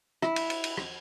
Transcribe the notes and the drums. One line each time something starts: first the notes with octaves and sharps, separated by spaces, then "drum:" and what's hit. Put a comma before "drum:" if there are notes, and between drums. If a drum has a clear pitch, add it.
E4, drum: rim click
drum: cymbal
drum: cymbal
drum: cymbal
drum: rim click